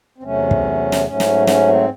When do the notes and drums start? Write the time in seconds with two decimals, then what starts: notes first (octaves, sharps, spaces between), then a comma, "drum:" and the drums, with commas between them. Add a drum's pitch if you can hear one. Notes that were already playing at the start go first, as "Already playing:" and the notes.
0.18 C4
0.23 E2 C3 F#3 A3 C#4
0.51 drum: kick
0.92 drum: snare
1.06 G#2 F#3 A3 C#4
1.20 drum: snare
1.47 C#4, drum: snare
1.68 C4